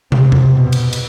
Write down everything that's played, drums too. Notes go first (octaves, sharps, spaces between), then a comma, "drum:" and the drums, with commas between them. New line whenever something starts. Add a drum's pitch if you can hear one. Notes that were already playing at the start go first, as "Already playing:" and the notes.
C3, drum: tom
drum: tom E2
B2
drum: cymbal
drum: cymbal